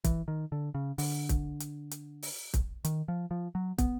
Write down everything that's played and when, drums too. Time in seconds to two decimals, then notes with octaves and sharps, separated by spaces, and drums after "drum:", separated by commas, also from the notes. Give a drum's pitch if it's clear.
0.04 E3, drum: kick, hi-hat
0.28 D#3
0.52 D3
0.75 C#3
0.98 D3, drum: open hi-hat
1.29 drum: kick, hi-hat
1.60 drum: hi-hat
1.91 drum: hi-hat
2.22 drum: open hi-hat
2.54 drum: kick, hi-hat
2.85 D#3, drum: hi-hat
3.08 F3
3.31 F3
3.55 F#3
3.78 B3, drum: kick, hi-hat